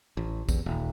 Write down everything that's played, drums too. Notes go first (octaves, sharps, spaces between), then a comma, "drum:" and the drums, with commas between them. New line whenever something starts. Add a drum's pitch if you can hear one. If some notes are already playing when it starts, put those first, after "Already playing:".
A1
E2, drum: kick, tambourine
D#1